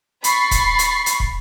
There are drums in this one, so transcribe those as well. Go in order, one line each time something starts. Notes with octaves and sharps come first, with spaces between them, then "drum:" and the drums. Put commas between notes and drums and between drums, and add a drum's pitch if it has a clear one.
B5 C#6 A6 C7, drum: hi-hat
drum: kick, hi-hat
drum: hi-hat
drum: hi-hat
drum: kick